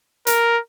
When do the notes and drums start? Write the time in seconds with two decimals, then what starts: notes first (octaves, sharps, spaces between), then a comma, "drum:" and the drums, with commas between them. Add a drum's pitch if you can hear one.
0.27 A#4, drum: hi-hat